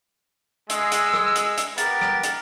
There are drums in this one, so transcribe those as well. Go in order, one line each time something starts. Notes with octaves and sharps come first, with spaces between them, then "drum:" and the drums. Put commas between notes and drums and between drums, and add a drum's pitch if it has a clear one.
G#3 E6, drum: hi-hat
drum: hi-hat
drum: rim click
drum: hi-hat
drum: hi-hat
B3 G4 A#4 A6, drum: hi-hat
drum: rim click
drum: hi-hat